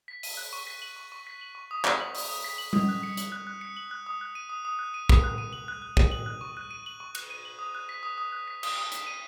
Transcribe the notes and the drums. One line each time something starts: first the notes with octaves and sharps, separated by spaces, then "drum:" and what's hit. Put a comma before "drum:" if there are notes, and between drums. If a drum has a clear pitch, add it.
B6
D#7, drum: open hi-hat
F#6
C#6
B6
F#7
C#6
C#6
B6
F#7
C#6
D#6
B6, drum: clap
F#7
D#6, drum: open hi-hat
D#6
B6
F#7
D#6, drum: tom G3
F#6
C#7
F#7, drum: hi-hat
F#6
F#6
C#7
F#7
F#6
D#6
F#6
D#7
D#6
D#6
F#6
D#7
D#6, drum: kick
F#6
D#7
F#7
F#6
F#6
D#7, drum: kick
F#7
F#6
C#6
F#6
D#7
F#7
C#6
F#6, drum: cymbal
D#7
F#7
D#6
F#6
B6
D#6
D#6
F#6
B6
D#6, drum: cymbal
D#6
B6, drum: hi-hat
D#7